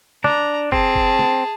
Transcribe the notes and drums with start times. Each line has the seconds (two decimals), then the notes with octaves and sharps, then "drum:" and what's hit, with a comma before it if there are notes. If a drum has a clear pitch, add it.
0.24 D4 A#5, drum: snare
0.72 C4 G#4 A5, drum: kick
0.95 drum: kick
1.19 drum: snare